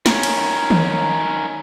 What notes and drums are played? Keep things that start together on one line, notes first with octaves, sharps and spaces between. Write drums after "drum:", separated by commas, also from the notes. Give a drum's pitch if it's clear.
D#3 C#4, drum: snare
drum: cymbal
drum: tom D#3